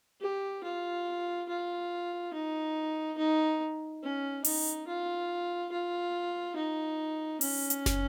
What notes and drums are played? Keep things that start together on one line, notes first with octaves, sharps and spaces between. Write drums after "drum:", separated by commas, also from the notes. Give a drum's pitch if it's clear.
G4
F4
F4
D#4
D#4
C#4
D#4, drum: open hi-hat
F4
F4
D#4
C#4, drum: open hi-hat
drum: hi-hat
drum: snare